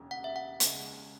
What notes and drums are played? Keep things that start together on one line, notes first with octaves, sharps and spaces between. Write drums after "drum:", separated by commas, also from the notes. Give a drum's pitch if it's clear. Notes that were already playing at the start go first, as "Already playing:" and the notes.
Already playing: E1 D#2 C#3
F#5
E5
F#5
C#2 C#3 G#3, drum: hi-hat